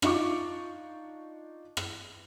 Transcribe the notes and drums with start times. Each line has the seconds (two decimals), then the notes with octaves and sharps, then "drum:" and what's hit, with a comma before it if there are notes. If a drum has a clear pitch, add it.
0.02 D4 D#4 F4 C#6 D6, drum: rim click
1.77 drum: rim click